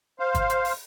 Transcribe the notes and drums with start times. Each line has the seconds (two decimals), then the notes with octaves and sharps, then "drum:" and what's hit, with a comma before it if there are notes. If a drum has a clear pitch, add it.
0.19 C5 F5
0.34 drum: kick G1, hi-hat
0.50 drum: hi-hat
0.65 drum: open hi-hat